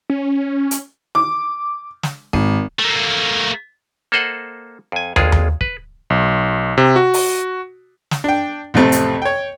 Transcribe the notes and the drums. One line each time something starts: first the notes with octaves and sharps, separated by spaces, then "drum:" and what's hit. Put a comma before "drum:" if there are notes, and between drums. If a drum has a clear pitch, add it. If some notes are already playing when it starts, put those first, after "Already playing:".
C#4
drum: hi-hat
D6
drum: snare
G#1, drum: kick
A3 A#3
A#3 A4 C5 D#5 F#5
F2 G#5
G#1 F2 G#3 F4 G#4, drum: tom
drum: tom
B4, drum: kick
B1
C3
F#4
drum: open hi-hat
drum: snare
D4 G5
A1 F2 C3 A3 C4
drum: hi-hat
C#5 G5